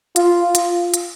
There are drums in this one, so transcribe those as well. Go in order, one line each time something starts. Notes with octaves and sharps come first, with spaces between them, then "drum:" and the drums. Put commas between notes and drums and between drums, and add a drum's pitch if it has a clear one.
F4, drum: hi-hat
drum: hi-hat
drum: hi-hat